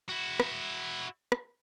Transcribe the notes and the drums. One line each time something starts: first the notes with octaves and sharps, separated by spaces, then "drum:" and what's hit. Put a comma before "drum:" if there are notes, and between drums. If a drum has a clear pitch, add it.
E4 F#4
drum: rim click
drum: rim click